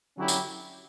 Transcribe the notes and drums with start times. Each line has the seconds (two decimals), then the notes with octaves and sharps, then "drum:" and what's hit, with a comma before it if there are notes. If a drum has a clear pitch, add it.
0.17 D3 F#3 C#4 E4 G4
0.28 drum: tambourine